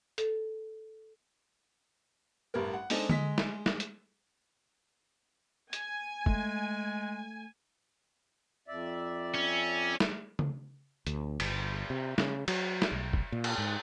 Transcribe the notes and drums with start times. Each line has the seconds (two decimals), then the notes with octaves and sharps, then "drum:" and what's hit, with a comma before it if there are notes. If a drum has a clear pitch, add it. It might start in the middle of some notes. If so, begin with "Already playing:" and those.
0.18 A4, drum: hi-hat
2.54 A1 G2 G3 A#4
2.73 F#5
2.90 G#3 C4 D4 D#4 A4, drum: open hi-hat
3.09 G#3 D#5 B6, drum: tom D3
3.38 drum: snare
3.66 drum: snare
3.80 drum: hi-hat
5.73 G#5, drum: hi-hat
6.26 G#3 A3, drum: kick
8.68 F2 D5 E5
9.34 C#4
10.00 drum: snare
10.39 drum: tom C#3
11.07 D2, drum: hi-hat
11.40 G1, drum: cymbal
11.90 C3
12.18 C#3, drum: snare
12.48 F#3, drum: cymbal
12.82 drum: snare
12.92 B1
13.13 drum: kick
13.32 A#2
13.44 drum: cymbal
13.58 G#2